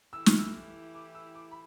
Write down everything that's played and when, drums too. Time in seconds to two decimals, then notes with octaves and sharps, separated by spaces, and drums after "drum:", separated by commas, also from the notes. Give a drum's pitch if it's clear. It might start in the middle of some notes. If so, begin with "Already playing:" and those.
0.13 E3 A3 E4 G4 E6
0.26 F6, drum: snare
0.39 E6
0.94 D6
1.15 E6
1.35 D6
1.51 B5